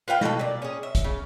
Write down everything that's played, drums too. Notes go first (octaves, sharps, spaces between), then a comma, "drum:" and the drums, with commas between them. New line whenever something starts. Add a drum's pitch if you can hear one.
F4 B4 F5 G5
B2 A4, drum: snare
A#2 D5
C#4 G#4
E5
drum: kick, hi-hat
C#3